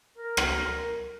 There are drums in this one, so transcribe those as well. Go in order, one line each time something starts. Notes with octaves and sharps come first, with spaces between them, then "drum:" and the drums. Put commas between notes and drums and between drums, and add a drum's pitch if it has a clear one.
A#4
drum: rim click